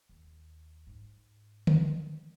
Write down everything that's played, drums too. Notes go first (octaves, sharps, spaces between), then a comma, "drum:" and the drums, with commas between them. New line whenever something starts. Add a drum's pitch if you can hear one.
D#2
G#2
drum: tom